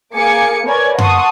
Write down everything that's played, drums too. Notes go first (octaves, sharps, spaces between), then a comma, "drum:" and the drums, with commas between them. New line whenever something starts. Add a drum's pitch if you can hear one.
A#3 G#4 G#5 D6 C#7
A#4 B4 C#5 D5 G#5 G#6
F#5 A5 C6 C#6 D#6, drum: tom F#2